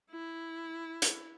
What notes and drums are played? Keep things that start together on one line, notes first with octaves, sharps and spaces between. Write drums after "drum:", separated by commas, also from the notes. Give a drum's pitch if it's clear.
E4
drum: hi-hat